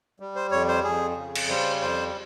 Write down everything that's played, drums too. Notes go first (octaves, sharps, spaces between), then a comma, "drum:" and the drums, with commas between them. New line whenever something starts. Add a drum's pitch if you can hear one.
G3
C5
F2 C#5
C5
F2 G#4
C#3
drum: cymbal
G3 C5
F2 C5